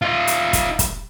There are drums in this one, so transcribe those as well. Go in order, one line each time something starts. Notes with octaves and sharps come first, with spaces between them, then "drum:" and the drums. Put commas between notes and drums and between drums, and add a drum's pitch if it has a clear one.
D#4 F4
drum: hi-hat
drum: kick, hi-hat
drum: kick, hi-hat